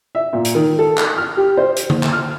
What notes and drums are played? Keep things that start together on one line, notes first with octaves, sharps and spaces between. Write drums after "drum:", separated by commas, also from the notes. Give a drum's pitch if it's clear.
E5
A#2
drum: hi-hat
D#3
A4
drum: clap
F6
G4
C5
drum: hi-hat
drum: tom D3
drum: clap
F6